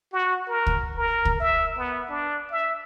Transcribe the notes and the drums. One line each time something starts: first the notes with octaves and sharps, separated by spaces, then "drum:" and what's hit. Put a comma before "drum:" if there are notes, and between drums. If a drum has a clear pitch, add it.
F#4
A#4
drum: kick
A#4
drum: kick
E5
B3
D4
E5